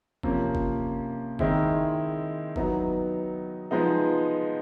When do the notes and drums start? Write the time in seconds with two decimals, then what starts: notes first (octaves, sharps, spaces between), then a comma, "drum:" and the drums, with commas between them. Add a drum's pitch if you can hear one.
0.23 C3 F3 A#3 C#4, drum: kick F#1
0.55 drum: kick F#1
1.39 D#3 G#3 C4 E4, drum: kick F#1
2.56 F#3 B3 D#4, drum: kick F#1
3.71 F3 G#3 B3 D#4